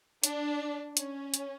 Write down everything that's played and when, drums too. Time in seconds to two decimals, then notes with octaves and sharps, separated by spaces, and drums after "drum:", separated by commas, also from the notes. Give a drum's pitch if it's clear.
0.23 D4, drum: hi-hat
0.97 C#4, drum: hi-hat
1.34 drum: hi-hat